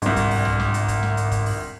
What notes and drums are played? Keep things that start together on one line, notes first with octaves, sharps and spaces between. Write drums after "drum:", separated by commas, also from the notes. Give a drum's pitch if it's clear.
G1 C2 G#2, drum: hi-hat
drum: kick, hi-hat
drum: open hi-hat
drum: tom
drum: snare
drum: hi-hat
drum: kick, hi-hat
drum: snare
drum: hi-hat
drum: kick, hi-hat
drum: open hi-hat